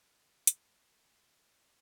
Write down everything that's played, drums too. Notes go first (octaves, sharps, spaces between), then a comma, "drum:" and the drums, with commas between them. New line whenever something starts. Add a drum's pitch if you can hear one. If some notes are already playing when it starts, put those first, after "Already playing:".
A#4
drum: hi-hat